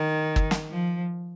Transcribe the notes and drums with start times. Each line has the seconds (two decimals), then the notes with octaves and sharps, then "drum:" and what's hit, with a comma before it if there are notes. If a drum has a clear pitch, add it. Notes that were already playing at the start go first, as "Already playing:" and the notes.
Already playing: D#3
0.36 drum: kick
0.51 drum: snare
0.71 F3